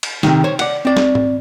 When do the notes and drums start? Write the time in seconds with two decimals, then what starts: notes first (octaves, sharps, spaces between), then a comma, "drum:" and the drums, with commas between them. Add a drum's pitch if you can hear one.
0.03 drum: cymbal
0.23 C3 D#3, drum: snare
0.44 C5 C#5
0.59 D5 F#5, drum: cymbal
0.85 C4 D5
0.97 drum: snare
1.15 drum: tom G#2